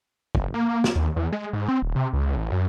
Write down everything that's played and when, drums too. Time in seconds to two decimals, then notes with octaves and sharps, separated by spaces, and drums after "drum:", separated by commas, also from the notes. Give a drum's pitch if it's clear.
0.35 F#1, drum: kick
0.54 A#3
0.84 drum: snare
0.96 D#2
1.16 E2
1.32 G#3
1.53 G#2
1.68 C4
1.82 D#1
1.96 C3
2.13 C#2
2.37 A1
2.52 F#2